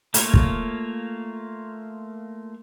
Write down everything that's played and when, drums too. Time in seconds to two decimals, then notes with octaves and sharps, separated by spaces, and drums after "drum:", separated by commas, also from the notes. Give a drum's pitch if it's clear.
0.14 A3 A#3 F4 C#5, drum: hi-hat
0.34 drum: kick